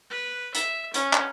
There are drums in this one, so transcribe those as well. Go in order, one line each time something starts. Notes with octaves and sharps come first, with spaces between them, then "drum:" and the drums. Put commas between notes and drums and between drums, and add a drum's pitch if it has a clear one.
B4
E5, drum: hi-hat
C#4, drum: hi-hat
drum: clap